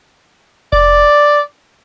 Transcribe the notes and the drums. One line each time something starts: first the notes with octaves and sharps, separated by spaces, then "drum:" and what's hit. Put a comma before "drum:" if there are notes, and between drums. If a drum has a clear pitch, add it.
D5, drum: kick F1